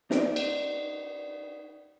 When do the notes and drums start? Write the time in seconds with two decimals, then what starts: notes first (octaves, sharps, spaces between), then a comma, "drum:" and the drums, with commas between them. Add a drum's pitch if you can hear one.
0.11 D#4 D5, drum: snare
0.36 drum: cymbal